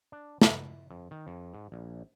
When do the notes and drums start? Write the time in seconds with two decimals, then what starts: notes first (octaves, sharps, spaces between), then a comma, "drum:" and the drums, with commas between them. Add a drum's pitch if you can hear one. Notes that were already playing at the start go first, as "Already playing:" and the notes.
0.12 D4
0.42 E4, drum: snare
0.90 F2
1.11 D#3
1.27 F2
1.54 G#2
1.72 A#1